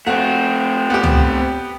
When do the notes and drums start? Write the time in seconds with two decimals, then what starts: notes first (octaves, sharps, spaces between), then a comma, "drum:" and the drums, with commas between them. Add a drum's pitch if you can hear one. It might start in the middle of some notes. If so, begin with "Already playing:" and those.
0.07 A3 C4 F#4
0.90 B3 G4
1.03 drum: tom C#2